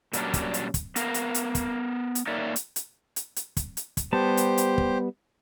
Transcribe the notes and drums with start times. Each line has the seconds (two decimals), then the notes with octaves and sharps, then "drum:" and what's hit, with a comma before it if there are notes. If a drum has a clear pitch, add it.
0.13 A#2 F#3 G3 C#4 D4, drum: hi-hat
0.34 drum: kick, hi-hat
0.54 drum: hi-hat
0.74 drum: kick, hi-hat
0.96 B3 A#4 F5, drum: hi-hat
1.14 drum: hi-hat
1.35 drum: hi-hat
1.55 drum: kick, hi-hat
2.15 drum: hi-hat
2.27 A#3 D#4 A#4 C#5 D5 E5
2.56 drum: hi-hat
2.76 drum: hi-hat
3.16 drum: hi-hat
3.36 drum: hi-hat
3.57 drum: kick, hi-hat
3.77 drum: hi-hat
3.97 drum: kick, hi-hat
4.13 G3 B3 G4 C5 A5
4.37 drum: hi-hat
4.58 drum: hi-hat
4.78 drum: kick